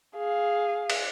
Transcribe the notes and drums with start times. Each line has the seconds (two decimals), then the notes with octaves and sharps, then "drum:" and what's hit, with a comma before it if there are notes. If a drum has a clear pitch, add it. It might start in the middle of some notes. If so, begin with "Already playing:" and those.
0.16 G#4 F5
0.90 drum: cymbal